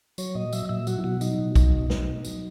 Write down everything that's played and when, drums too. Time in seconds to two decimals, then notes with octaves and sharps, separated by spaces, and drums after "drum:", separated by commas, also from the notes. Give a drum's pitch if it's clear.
0.18 F#3 C#5, drum: tambourine
0.35 A#2 D#5
0.53 F#3 E5, drum: tambourine
0.69 A#2 E5
0.87 F#3 F#4, drum: tambourine
0.98 E4
1.04 B2 F#4
1.21 F#3 D#4, drum: tambourine
1.39 B2
1.56 F#3, drum: kick B1, tambourine
1.72 B2
1.90 F#3 D#4, drum: snare
2.07 B2
2.25 F#3, drum: tambourine